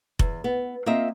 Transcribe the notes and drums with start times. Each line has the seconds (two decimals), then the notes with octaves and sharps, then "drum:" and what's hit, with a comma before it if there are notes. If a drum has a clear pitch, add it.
0.19 E2, drum: kick F1
0.44 B3
0.86 A#3 C4 F4 D#5 E5